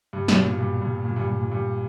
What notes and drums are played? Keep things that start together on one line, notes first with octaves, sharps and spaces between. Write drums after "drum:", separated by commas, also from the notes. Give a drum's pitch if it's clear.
G2
B2, drum: snare
A#2
G2
G2
A#2
G2
G2
A#2
G2